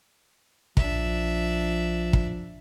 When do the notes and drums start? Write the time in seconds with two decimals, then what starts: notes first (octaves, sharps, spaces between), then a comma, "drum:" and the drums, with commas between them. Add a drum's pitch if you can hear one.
0.77 A#1 F3 D4 E5, drum: kick
2.13 drum: kick